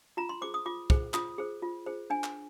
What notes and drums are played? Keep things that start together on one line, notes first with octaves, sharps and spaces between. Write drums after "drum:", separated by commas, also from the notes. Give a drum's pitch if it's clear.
F4 A#5
C6
G#4 C5 D6
D#6
F4 D6
G#4 C5, drum: kick
F4 D#6, drum: clap
G#4 C5
F4
G#4 C5
D4 G#5
drum: clap